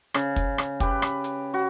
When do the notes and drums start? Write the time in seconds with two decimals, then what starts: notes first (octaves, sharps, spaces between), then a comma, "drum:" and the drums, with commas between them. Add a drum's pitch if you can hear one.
0.14 C#3, drum: rim click
0.36 drum: kick, hi-hat
0.58 drum: rim click
0.80 G4 B4, drum: kick, hi-hat
1.02 drum: rim click
1.24 drum: hi-hat
1.54 F#4